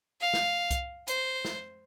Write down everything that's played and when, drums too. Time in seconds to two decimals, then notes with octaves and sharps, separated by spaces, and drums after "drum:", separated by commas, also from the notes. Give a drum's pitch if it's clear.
0.21 F5
0.34 drum: snare
0.71 drum: kick C2, hi-hat
1.08 C5, drum: hi-hat
1.45 drum: snare